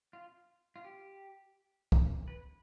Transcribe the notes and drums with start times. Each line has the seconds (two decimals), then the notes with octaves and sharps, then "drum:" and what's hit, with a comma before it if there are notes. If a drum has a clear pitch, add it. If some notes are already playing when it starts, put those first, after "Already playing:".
0.13 F4
0.76 F4
0.85 G4
1.92 drum: kick
2.28 B4